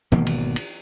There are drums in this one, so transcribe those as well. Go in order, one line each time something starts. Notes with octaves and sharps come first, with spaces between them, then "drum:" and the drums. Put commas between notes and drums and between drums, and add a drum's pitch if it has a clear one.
G#1 B2 D#3 A#3, drum: tom E3
drum: cymbal
drum: cymbal